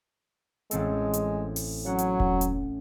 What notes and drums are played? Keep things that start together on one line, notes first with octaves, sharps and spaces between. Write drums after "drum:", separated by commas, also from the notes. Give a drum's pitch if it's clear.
A1 G#3 C4 A4, drum: hi-hat
drum: hi-hat
drum: open hi-hat
F#3 C#4 F#5
drum: hi-hat
drum: kick E1
drum: hi-hat